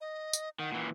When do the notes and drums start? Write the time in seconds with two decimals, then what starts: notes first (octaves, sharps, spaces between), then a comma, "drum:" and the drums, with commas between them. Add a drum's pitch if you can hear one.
0.01 D#5
0.33 drum: tambourine
0.59 D#3 F#5
0.72 A#2 E3